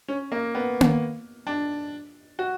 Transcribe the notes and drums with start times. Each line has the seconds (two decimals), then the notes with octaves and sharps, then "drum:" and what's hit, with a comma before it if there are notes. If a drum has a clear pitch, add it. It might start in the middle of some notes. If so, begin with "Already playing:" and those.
0.08 C#4
0.32 A#3
0.55 B3
0.81 drum: tom A#3
1.47 D4
2.39 F#4